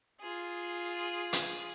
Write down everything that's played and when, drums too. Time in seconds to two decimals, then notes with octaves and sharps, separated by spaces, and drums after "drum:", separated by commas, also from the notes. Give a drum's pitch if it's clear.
0.21 F4 G#4
1.33 drum: hi-hat